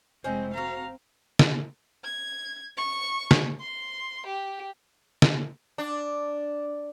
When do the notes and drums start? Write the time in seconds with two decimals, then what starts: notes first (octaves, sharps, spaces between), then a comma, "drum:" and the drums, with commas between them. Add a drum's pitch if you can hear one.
0.24 F1 G#3 C4 C#4 E4 C5 D#5
0.54 C4 F#4 A4 F5 A#5
1.39 drum: snare
2.04 G#6
2.77 C#6
3.31 drum: snare
3.60 C6
4.26 G4
5.22 drum: snare
5.78 D4